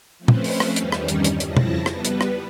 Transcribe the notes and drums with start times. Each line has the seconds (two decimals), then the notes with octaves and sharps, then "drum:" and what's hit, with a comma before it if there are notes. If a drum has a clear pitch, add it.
0.18 F3 A3 C4 C#4 B4 C5
0.28 drum: tom
0.44 drum: open hi-hat
0.60 drum: rim click
0.76 E2 G2 D#3 G3 C#4 D#4, drum: hi-hat
0.92 drum: rim click
1.08 drum: hi-hat
1.24 drum: hi-hat
1.40 F2 C#3 F3 E4 A5 A#6, drum: hi-hat
1.57 drum: tom B2
1.86 G3 B3 B4, drum: rim click
2.05 drum: hi-hat
2.21 drum: rim click